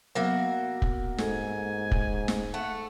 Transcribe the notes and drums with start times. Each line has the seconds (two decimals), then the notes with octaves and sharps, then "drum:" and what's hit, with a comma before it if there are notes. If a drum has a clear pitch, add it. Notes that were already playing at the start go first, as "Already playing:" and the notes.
0.15 F#3 A#3 B3 F#4 E5
0.82 drum: kick
1.18 G#2 A4 G#5, drum: snare
1.91 drum: kick
2.28 drum: snare
2.54 A3 F#5